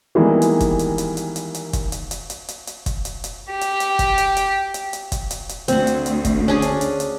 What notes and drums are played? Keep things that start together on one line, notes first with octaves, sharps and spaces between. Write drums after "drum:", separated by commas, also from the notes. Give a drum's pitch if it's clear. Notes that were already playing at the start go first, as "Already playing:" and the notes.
D#3 E3 G3 G#3 A#3 B3
drum: hi-hat
drum: kick, hi-hat
drum: hi-hat
drum: hi-hat
drum: hi-hat
drum: hi-hat
drum: hi-hat
drum: kick, hi-hat
drum: hi-hat
drum: hi-hat
drum: hi-hat
drum: hi-hat
drum: hi-hat
drum: kick, hi-hat
drum: hi-hat
drum: hi-hat
G4
drum: hi-hat
drum: hi-hat
drum: kick, hi-hat
drum: hi-hat
drum: hi-hat
drum: hi-hat
drum: hi-hat
drum: kick, hi-hat
drum: hi-hat
drum: hi-hat
D2 C4 F#5, drum: hi-hat
drum: hi-hat
drum: hi-hat
drum: kick, hi-hat
C#4 D4 G#4
drum: hi-hat
drum: hi-hat
drum: hi-hat